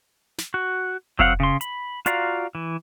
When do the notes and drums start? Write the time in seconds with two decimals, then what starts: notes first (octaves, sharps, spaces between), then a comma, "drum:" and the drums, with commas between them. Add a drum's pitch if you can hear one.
0.38 drum: snare
0.54 F#4
1.19 F#3 C4 F5 F#5, drum: kick F1
1.40 C#3 C6
1.61 B5, drum: hi-hat
2.06 F4 F#4 D5 F5 A#5, drum: hi-hat
2.55 E3